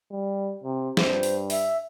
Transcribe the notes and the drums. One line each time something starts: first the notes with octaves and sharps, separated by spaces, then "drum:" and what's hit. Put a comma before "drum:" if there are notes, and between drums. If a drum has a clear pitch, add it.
G3
C3
G2 C5, drum: snare
drum: open hi-hat
E5, drum: open hi-hat